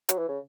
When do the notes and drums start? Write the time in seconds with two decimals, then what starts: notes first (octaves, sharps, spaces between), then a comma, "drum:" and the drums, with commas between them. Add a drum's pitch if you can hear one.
0.09 F#3, drum: hi-hat
0.18 E3
0.28 C#3